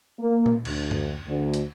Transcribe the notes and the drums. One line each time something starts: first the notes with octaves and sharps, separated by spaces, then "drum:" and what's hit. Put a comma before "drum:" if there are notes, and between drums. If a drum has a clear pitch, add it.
A#3
drum: tom A#2
D2, drum: cymbal
drum: tom F#2
D2
drum: hi-hat